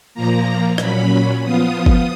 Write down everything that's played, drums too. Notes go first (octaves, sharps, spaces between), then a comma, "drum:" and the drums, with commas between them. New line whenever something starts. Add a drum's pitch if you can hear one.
A#2 F3 A#3 A#5
A#2 F#3 C#4 B5, drum: rim click
F3 B3 F4 D#6
drum: kick